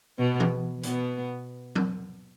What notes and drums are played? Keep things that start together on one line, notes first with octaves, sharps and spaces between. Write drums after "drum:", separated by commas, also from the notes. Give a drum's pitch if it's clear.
B2 B3
drum: tom E3
B2 B3, drum: hi-hat
drum: tom F#3